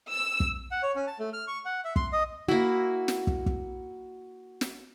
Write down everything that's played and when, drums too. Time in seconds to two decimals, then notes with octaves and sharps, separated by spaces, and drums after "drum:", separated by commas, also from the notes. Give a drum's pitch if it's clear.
0.10 E6
0.40 drum: kick
0.71 F#5
0.83 C#5
0.96 C#4
1.07 A5
1.19 A3
1.33 F6
1.47 C#6
1.65 F#5
1.85 E5
1.96 C6, drum: kick
2.12 D#5
2.48 A#3 E4 F#4
3.08 drum: snare
3.27 drum: kick
3.46 drum: kick
4.61 drum: snare